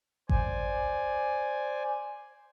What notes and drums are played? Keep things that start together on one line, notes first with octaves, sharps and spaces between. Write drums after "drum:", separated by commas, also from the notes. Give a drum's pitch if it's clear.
C5 D5 G#5, drum: kick G#1